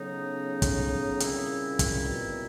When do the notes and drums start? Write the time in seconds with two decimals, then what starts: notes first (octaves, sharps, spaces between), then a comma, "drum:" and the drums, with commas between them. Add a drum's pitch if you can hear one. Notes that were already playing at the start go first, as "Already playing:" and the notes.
Already playing: A2 C#3 F#3 B3 D#4
0.62 drum: kick, hi-hat
1.20 A#2 G3 C4 E4, drum: hi-hat
1.79 drum: kick, hi-hat
2.08 B2